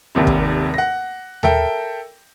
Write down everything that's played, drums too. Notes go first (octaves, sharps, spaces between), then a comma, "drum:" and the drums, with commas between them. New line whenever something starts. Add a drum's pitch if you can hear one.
D#1 G#1 D#2 C3
drum: kick
F#5 A#6
A4 A#4 E5 G5, drum: tom D#2